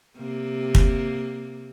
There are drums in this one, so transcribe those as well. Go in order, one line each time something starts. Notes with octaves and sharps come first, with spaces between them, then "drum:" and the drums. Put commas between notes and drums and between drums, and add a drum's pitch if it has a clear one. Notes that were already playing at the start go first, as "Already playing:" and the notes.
C3 A#3
drum: kick